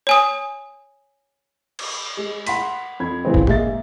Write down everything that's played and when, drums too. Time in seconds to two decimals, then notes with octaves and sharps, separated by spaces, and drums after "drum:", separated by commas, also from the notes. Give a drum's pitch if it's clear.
0.07 C#5 G#5 D#6
1.79 drum: cymbal
2.17 G#3
2.46 F#5 B5 C6 B6, drum: hi-hat
3.00 F2 B5 G#6
3.25 C#3 E3 F3 B3 C4
3.34 drum: kick
3.47 G#3 A#3 E5 A6, drum: tom A2